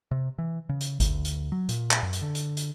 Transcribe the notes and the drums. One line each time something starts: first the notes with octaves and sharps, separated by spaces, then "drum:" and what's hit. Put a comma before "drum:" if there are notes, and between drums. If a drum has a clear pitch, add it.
C3
E3
C#3
drum: hi-hat
D2, drum: kick G#1, hi-hat
drum: hi-hat
F#3
A#2, drum: hi-hat
drum: clap
F#2
drum: hi-hat
D3
drum: hi-hat
drum: hi-hat